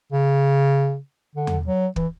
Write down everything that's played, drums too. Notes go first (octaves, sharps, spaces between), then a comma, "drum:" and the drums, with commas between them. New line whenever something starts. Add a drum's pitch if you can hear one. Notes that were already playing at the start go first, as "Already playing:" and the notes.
C#3
D3
drum: tom E2
F#3
E3, drum: kick